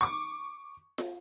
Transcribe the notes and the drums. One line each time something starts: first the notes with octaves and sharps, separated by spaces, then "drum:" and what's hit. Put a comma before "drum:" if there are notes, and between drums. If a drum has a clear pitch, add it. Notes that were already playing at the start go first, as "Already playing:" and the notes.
C#6 D6
drum: snare